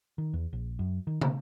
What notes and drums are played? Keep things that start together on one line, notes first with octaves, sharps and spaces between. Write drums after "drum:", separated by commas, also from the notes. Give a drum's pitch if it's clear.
D#3
E2
A#1
F#2
D#3
C3, drum: tom